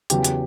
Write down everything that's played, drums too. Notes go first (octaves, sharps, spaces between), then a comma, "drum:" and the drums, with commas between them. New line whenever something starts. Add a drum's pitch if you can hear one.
E2 C#3 F#3 G4, drum: hi-hat
drum: hi-hat